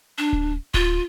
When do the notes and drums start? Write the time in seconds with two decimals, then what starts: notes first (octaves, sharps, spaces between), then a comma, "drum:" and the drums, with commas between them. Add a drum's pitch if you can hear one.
0.18 D4
0.33 drum: kick D1
0.74 F4, drum: kick D1